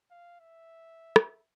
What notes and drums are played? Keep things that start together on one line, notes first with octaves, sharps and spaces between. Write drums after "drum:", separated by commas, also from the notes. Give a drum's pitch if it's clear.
F5
E5
drum: rim click